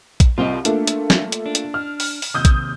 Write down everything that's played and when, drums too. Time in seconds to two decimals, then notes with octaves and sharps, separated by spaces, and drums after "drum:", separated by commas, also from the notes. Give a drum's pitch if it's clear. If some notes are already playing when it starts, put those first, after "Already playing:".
0.20 drum: kick A#1, hi-hat
0.38 C2 C4 F4 D#5 F5 G5
0.65 A3 A#3 D4 F4, drum: hi-hat
0.87 drum: hi-hat
1.10 drum: snare
1.32 drum: hi-hat
1.46 D4
1.55 drum: hi-hat
1.74 F6
2.00 drum: open hi-hat
2.22 drum: open hi-hat
2.34 D#2 C3 D#6 E6 G6
2.45 drum: kick A#1, hi-hat